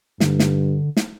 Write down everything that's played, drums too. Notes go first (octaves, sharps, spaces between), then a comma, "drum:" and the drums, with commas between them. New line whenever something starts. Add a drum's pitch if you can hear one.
G2 D3, drum: snare
drum: snare
drum: snare